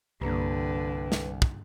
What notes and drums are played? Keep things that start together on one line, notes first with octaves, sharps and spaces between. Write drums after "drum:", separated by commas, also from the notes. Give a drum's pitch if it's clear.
C2 G2 D3 A#3 B4
drum: snare
drum: kick